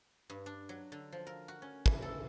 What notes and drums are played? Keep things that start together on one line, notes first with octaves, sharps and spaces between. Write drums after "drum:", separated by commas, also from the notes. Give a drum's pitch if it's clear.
G2
D4
F#3
D3
F3
A#4
F#4
C#4
E3, drum: kick
A4